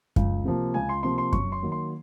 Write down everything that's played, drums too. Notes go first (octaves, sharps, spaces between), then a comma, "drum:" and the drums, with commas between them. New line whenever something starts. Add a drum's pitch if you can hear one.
C#2, drum: kick F#2
C3 F3 A#3
C#2 G#5
C6
C3 F3 A#3 C6
C6
F#2 C#6, drum: kick F#2
C6
D#3 F#3 A#3
C6